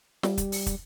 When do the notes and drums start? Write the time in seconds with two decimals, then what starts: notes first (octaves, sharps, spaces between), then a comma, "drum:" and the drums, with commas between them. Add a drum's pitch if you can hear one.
0.23 G3, drum: snare
0.38 drum: kick, hi-hat
0.52 drum: open hi-hat
0.66 drum: kick, hi-hat